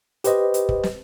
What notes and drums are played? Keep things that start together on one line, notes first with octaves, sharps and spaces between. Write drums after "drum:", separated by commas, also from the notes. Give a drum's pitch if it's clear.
G4 B4 C5 D#5, drum: hi-hat
drum: hi-hat
drum: kick
drum: snare